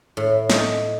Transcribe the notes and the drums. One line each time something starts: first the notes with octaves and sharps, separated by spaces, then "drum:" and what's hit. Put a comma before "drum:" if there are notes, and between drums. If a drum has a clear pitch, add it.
A2
D#4, drum: snare